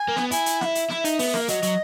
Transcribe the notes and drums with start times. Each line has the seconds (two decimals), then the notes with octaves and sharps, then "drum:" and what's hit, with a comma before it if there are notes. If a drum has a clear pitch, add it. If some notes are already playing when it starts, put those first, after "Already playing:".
Already playing: G#5
0.08 A#3
0.17 B3, drum: snare
0.31 E4 G#5, drum: hi-hat
0.46 drum: hi-hat
0.61 F#5, drum: snare
0.66 E5
0.75 drum: hi-hat
0.90 E4, drum: snare
1.05 D#4, drum: hi-hat
1.19 B3, drum: open hi-hat
1.34 A#3, drum: snare
1.48 F#3 D#5, drum: hi-hat
1.63 F#3, drum: hi-hat